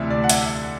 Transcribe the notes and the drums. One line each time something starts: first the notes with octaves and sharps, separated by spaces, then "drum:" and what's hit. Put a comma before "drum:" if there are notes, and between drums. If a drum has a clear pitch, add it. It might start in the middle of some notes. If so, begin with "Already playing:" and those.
Already playing: D2 C3 E3 D5 E5
D5
F#5
E5, drum: hi-hat